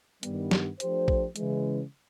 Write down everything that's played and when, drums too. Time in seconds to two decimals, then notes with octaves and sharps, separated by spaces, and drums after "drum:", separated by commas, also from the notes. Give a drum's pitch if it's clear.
0.23 G2 D#3 G3 B3, drum: hi-hat
0.51 drum: snare
0.80 F3 A3 D4 G4 C5, drum: hi-hat
1.08 drum: kick
1.36 C#3 E3 G#3, drum: hi-hat